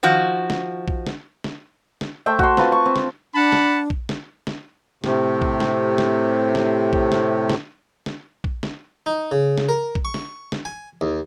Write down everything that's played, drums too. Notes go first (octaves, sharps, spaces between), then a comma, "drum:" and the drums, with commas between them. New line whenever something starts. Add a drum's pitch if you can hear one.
D#3 F3 F#4
drum: snare
drum: kick A#1
drum: snare
drum: snare
drum: snare
A3 C5 E5 G5
F#4 C6, drum: kick A#1
C4 F4 B4 A5, drum: snare
C#6
C4
drum: snare
D4 F#5 A5 B5
drum: snare
drum: kick A#1
drum: snare
drum: snare
A2 C3, drum: snare
drum: kick A#1
drum: snare
drum: snare
drum: snare
drum: kick A#1
drum: snare
drum: snare
drum: snare
drum: kick A#1
drum: snare
D#4
C#3
drum: snare
A#4
drum: kick A#1
C#6
drum: snare
drum: snare
G#5
D#2